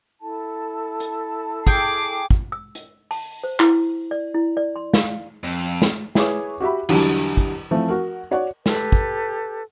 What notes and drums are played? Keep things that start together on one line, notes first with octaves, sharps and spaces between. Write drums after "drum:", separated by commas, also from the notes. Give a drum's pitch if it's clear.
E4 A4 A5
drum: hi-hat
G#4 G5 D6 C7, drum: kick
drum: kick
E6
drum: hi-hat
A5, drum: open hi-hat
C5
E4, drum: clap
D5
E4
D5
C6
F5, drum: snare
F2
drum: snare
E4 G#4 B4 C#5 D6, drum: snare
F#4 G4 E5 B5
E2 D3 F#3 G3 D4, drum: cymbal
drum: kick
E3 F3 A3 C4
F#4 A#4
F#4 C#5 D5 F#5
G4 A4 B4, drum: snare
drum: kick